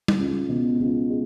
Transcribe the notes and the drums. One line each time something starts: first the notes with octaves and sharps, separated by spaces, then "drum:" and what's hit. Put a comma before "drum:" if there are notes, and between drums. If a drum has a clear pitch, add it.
drum: tom
C#2
B2
C#2
G#3